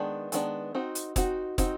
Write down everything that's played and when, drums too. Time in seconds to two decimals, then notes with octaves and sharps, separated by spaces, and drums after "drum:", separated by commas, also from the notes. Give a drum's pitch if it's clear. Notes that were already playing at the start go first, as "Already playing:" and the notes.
Already playing: D#3 G#3 B3 D4
0.32 D#3 G#3 B3 D4, drum: hi-hat
0.75 C4 D#4 F#4
0.95 drum: hi-hat
1.16 C4 D#4 F#4, drum: kick, hi-hat
1.58 C4 D#4 F#4, drum: kick, hi-hat